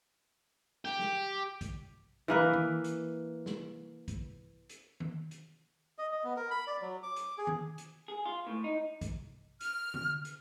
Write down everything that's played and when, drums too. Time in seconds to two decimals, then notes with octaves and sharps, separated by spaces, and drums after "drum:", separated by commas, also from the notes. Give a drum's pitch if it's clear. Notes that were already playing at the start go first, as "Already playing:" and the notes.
0.85 G4
0.99 drum: snare
1.61 drum: kick, hi-hat
2.28 E3 A#3 B4
2.54 drum: tom D#3
2.84 drum: hi-hat
3.46 drum: snare
4.08 drum: kick, hi-hat
4.69 drum: hi-hat
5.00 drum: tom D#3
5.31 drum: hi-hat
5.98 D#5
6.12 D#5
6.24 B3
6.36 A#4
6.51 B5
6.67 D5
6.81 F#3
7.03 D6
7.16 drum: hi-hat
7.38 G#4
7.47 drum: tom D#3
7.78 drum: hi-hat
8.08 G#4
8.26 F4
8.47 A2
8.64 D#4
9.01 drum: kick, hi-hat
9.61 F6, drum: hi-hat
9.94 drum: tom D3
10.25 drum: hi-hat